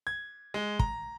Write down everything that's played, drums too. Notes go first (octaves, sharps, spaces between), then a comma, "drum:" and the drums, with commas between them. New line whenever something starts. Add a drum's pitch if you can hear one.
G#6
G#3
A#5, drum: kick